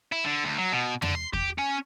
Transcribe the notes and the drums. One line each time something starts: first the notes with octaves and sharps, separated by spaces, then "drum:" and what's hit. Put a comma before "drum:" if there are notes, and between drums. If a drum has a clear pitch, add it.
E4
D3
D2
F#3
B2
D3, drum: tom
C6
G4, drum: kick E2
C#4